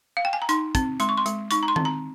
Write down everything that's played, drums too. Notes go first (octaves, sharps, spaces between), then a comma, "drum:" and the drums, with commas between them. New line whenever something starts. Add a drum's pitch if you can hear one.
F5
G5
G#5
A#5
D#4 C6, drum: hi-hat
C4, drum: kick, hi-hat
G#3 C6, drum: hi-hat
C#6
C6
G#3, drum: hi-hat
D#4 C#6, drum: hi-hat
A#5
C6
C4, drum: tom D#3
A#5